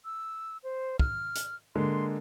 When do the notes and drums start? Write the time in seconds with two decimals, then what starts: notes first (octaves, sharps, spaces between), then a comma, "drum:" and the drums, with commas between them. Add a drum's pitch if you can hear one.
0.05 E6
0.64 C5
0.99 F6, drum: kick
1.35 drum: hi-hat
1.76 D3 G#3 A#3 C6